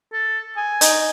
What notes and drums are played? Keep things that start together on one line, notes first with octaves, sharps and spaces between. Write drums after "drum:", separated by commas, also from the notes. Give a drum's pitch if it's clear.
A4
G#5
D#4, drum: hi-hat